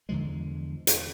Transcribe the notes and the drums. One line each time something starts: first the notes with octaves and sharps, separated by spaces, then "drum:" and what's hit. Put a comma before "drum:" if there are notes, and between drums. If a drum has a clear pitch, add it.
E2 D3 F3 G#3
drum: hi-hat